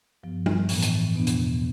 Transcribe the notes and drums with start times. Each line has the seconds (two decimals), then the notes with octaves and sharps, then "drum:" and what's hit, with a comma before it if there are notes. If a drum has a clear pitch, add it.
0.23 G2 F3 B3
0.46 drum: tom
0.69 A2 E3 B3, drum: open hi-hat
0.82 drum: hi-hat
1.14 E2 B2 B3 D4
1.27 drum: hi-hat